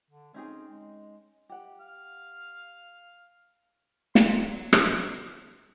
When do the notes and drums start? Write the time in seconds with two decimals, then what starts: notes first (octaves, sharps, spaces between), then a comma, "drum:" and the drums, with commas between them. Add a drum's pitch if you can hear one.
0.10 D3
0.34 C4 C#4 D#4 G#4
0.68 G#3
1.49 G4 F#5
1.80 F5
4.15 C6, drum: snare
4.37 F#3
4.73 drum: rim click